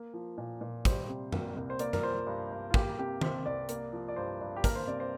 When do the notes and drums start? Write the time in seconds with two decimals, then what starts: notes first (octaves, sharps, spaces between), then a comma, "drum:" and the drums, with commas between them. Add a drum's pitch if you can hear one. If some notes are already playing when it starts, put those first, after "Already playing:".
Already playing: A#3
0.14 F3
0.38 A#2
0.61 A#2
0.85 G3 C5, drum: kick, hi-hat
1.09 C3
1.33 A#3, drum: tom F#2
1.56 C2
1.70 C5
1.79 A#3 D5, drum: hi-hat
1.93 A#4, drum: tom F#2
2.03 F3 C5
2.27 G2
2.51 G2
2.70 F4
2.74 A#3 G4, drum: kick
2.99 C3 G4
3.21 C2 C5, drum: tom D#3
3.46 C2 D5
3.69 A#3, drum: hi-hat
3.93 F3
4.08 D5
4.16 G2 C5
4.41 G2
4.56 G4
4.64 A#3 A#4, drum: kick, hi-hat
4.75 C5
4.87 C3 D5
5.00 C5